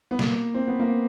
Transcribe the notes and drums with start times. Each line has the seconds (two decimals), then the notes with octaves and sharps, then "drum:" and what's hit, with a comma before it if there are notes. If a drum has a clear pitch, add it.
0.11 B3
0.19 A#3, drum: snare
0.54 C4
0.68 B3
0.80 A#3